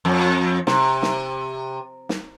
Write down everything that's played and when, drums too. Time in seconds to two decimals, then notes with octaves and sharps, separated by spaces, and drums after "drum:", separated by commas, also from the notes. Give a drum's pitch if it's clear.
0.05 F2
0.67 C3, drum: snare
1.02 drum: snare
2.09 drum: snare